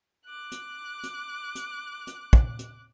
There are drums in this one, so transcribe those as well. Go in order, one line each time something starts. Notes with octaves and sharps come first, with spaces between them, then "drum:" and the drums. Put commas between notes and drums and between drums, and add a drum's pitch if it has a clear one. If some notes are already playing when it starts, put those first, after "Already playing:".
D6 F#6
drum: hi-hat
drum: hi-hat
drum: hi-hat
drum: hi-hat
drum: kick
drum: hi-hat